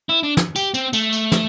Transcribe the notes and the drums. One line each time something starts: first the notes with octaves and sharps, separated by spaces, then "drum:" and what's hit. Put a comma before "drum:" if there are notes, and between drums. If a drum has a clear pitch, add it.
E4
D4
drum: snare
G4, drum: tambourine
C4, drum: tambourine
A3, drum: tambourine
drum: tambourine
drum: snare